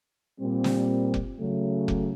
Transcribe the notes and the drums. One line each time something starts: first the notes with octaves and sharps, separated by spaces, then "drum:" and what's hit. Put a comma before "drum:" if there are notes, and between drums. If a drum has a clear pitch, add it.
A#2 G3 C4
drum: snare
drum: kick F1
C#3 F#3 A3
drum: kick F1